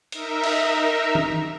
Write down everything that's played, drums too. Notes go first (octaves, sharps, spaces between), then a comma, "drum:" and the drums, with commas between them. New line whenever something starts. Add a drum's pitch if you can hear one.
D#4 A#4 E5 A#5, drum: hi-hat
drum: cymbal
drum: tom D#3